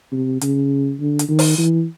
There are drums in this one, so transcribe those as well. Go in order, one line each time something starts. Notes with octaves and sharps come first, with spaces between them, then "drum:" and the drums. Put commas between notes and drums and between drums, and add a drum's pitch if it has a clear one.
C3
C#3, drum: hi-hat
D3
drum: hi-hat
D#3
drum: open hi-hat
E3